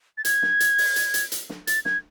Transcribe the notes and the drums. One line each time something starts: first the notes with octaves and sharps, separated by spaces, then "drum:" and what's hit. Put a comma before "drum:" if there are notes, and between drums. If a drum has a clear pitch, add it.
A6
G#6, drum: hi-hat
drum: snare
drum: hi-hat
drum: open hi-hat
drum: hi-hat
drum: hi-hat
drum: hi-hat
drum: snare
A6, drum: hi-hat
G#6, drum: snare